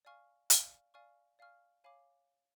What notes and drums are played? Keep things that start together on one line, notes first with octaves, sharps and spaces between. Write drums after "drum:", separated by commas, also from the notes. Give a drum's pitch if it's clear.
D5 F5 G#5 C#6 F6
D5 F5 G#5 C#6 F6, drum: hi-hat
D5 F5 G#5 C#6 F6
D5 F5 G#5 C#6 F6
C#5 F5 G#5 B5 D6